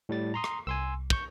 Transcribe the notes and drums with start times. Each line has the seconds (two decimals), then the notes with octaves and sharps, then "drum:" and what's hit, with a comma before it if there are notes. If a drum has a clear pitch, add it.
0.09 A2 G3 A6
0.34 A#5 C6 D#6
0.44 drum: rim click
0.67 C2 G#5 C6 E6
1.10 C#6 G6, drum: kick